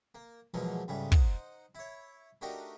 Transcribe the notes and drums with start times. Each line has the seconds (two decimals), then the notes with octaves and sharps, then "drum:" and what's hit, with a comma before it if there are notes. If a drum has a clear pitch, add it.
0.15 A#3
0.54 E2 G#2 B2 F3 F#3 A#3
0.88 C#2 G#2 C#3 G3 A3
1.12 D#4 C5 F#5, drum: kick
1.75 E4 C#5
2.41 A3 D4 D#4 F#4 G4 A#4